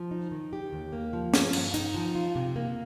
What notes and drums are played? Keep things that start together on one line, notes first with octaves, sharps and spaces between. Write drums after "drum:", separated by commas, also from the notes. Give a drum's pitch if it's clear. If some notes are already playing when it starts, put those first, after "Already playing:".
Already playing: F3
D#4
D#3
G4
D#2
A#3
F3
G2, drum: snare
G2, drum: cymbal
D#4, drum: hi-hat
F3
F4
C3
A#3